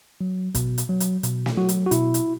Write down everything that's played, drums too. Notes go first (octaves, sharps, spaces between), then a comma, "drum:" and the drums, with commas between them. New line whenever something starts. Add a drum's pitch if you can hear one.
F#3
B2, drum: kick, hi-hat
drum: hi-hat
F#3
drum: hi-hat
B2, drum: hi-hat
drum: snare
F#3 F#4
drum: hi-hat
F#4
B2 E4, drum: hi-hat
drum: hi-hat